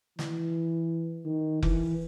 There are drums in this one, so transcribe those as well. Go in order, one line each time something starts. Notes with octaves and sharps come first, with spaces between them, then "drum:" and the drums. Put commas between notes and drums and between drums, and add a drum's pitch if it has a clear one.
E3, drum: snare
D#3
E3, drum: kick F1